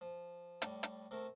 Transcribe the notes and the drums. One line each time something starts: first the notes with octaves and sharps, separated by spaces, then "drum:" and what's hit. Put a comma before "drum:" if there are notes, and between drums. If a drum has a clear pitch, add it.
F3
A2 G3, drum: hi-hat
drum: hi-hat
C3 A3 A#4